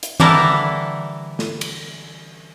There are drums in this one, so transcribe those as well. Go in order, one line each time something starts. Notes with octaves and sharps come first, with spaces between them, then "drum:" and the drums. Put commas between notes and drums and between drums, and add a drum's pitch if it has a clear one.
drum: hi-hat
D3 E3 G3 E4 A4 A#4, drum: tom D#3
drum: snare
drum: cymbal